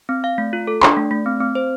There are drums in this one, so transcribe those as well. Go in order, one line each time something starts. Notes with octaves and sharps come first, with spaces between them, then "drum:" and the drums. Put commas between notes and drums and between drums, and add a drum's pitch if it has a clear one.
C4
F5
A3
F4
A4
D4, drum: clap
A3
A3
C4
C4
C5